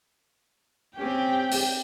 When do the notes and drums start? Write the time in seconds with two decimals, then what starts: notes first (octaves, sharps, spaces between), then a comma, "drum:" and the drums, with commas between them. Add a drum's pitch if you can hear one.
0.98 C4 C#4 G4 G5
1.51 drum: open hi-hat